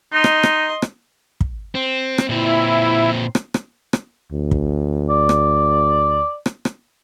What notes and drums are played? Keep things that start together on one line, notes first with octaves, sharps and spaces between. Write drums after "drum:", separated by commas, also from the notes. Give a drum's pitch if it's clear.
D#4 D#5 C6
drum: rim click
drum: rim click
drum: rim click
drum: kick
C4
drum: rim click
A#2 C4 E4
drum: rim click
drum: rim click
drum: rim click
D2
drum: kick
D5
drum: rim click
drum: rim click
drum: rim click